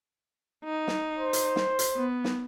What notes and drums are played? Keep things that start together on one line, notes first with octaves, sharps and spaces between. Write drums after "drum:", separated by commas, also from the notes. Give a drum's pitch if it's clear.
D#4
drum: snare
C5
drum: hi-hat
drum: snare
drum: hi-hat
B3
drum: snare